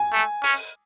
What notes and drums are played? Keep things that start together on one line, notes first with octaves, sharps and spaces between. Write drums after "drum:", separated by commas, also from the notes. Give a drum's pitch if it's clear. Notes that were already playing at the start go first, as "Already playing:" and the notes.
Already playing: G#5
A3
C#4, drum: open hi-hat